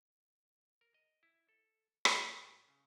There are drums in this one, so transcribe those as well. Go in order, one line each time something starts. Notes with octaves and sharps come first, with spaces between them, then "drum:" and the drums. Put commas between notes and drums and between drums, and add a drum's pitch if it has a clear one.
A#4
D#5
E4
A4
D#3, drum: rim click
A2
C#3